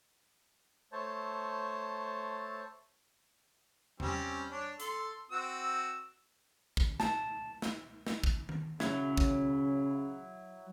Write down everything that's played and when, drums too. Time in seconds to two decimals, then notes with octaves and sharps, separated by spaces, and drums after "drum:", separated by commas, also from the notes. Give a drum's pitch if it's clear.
0.92 A3 C5 C#5 A5
4.00 G3 C4 C#4, drum: tom E2
4.51 D4 C#5
4.80 A4 C6, drum: hi-hat
5.31 C4 F#4 E6
6.77 drum: kick
7.00 A5, drum: snare
7.62 drum: snare
8.07 drum: snare
8.24 drum: kick
8.49 drum: tom D#3
8.80 C#3 F#3 E4, drum: snare
9.17 drum: kick